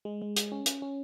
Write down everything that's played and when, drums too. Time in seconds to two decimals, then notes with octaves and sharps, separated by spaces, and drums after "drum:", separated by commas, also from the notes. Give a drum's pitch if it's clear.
0.05 G#3
0.22 G#3
0.37 G#3, drum: hi-hat
0.52 C#4
0.66 C#4, drum: hi-hat
0.82 C#4